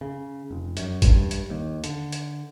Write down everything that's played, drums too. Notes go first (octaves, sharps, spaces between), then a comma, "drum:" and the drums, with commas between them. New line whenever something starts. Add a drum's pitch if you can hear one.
C#3
F1
F#2, drum: hi-hat
G2, drum: kick G#1, hi-hat
drum: hi-hat
D#2
D3, drum: hi-hat
drum: hi-hat